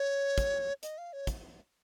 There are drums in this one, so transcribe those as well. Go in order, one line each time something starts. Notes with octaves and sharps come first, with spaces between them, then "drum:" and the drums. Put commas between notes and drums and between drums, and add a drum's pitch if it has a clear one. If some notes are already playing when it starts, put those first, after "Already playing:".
Already playing: C#5
drum: kick, hi-hat
D#5, drum: hi-hat
F5
C#5
drum: kick, hi-hat